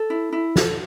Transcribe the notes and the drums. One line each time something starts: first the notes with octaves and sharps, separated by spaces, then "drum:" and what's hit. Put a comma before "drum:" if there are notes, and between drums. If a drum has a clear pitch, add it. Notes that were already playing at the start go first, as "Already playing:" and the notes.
Already playing: A4
E4
E4
A4, drum: snare